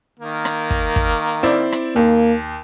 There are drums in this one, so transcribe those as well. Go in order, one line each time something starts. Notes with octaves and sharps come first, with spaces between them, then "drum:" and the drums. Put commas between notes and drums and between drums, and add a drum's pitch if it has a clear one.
D#3 A#3
drum: rim click
drum: kick
drum: kick
C4 E4 D5
drum: rim click
D#2 A#3